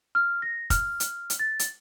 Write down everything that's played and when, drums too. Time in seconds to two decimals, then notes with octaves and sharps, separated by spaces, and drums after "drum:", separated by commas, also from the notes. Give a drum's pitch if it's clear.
0.15 F6
0.42 A#6
0.70 F6, drum: kick, hi-hat
1.00 drum: hi-hat
1.30 drum: hi-hat
1.39 A6
1.59 drum: hi-hat